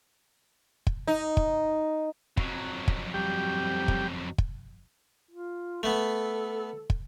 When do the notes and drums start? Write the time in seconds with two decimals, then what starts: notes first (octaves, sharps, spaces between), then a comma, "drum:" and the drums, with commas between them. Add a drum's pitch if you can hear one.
0.87 drum: kick
1.07 D#4
1.37 drum: kick
2.37 F2 F#3, drum: kick
2.88 drum: kick
3.14 G3 G4
3.88 drum: kick
4.38 drum: kick
5.31 F4
5.83 A3 B3 A4
6.90 drum: kick